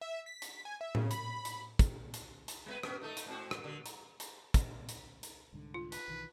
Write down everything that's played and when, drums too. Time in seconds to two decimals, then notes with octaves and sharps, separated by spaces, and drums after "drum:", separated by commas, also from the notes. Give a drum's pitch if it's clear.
0.01 E5
0.26 B6
0.42 drum: hi-hat
0.65 G#5
0.81 E5
0.95 C#3, drum: tom A2
1.11 B5, drum: hi-hat
1.45 drum: hi-hat
1.79 drum: kick, hi-hat
2.14 drum: hi-hat
2.48 drum: hi-hat
2.66 G3 B3 B4
2.83 B3 C#4, drum: rim click
3.02 A3 D#4 A4
3.17 drum: hi-hat
3.26 G#2 C4 F#4
3.51 drum: rim click
3.64 D3
3.86 drum: hi-hat
4.20 drum: hi-hat
4.54 drum: kick, hi-hat
4.89 drum: hi-hat
5.23 drum: hi-hat
5.53 C2 G#2 D3
5.74 F4
5.92 B4, drum: hi-hat
6.08 B1 D#3 E3